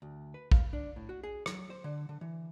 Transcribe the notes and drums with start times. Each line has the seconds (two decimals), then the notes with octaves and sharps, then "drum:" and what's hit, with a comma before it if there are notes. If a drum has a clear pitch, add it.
0.02 D2
0.34 B4
0.52 F5, drum: kick
0.73 D4
0.96 A2
1.09 F#4
1.23 G#4
1.46 F#3, drum: rim click
1.70 C5
1.84 D3
2.09 D3
2.21 E3